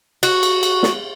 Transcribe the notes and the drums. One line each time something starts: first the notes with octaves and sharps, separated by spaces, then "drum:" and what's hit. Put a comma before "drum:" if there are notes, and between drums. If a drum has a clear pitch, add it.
F#4, drum: cymbal
drum: cymbal
drum: cymbal
drum: snare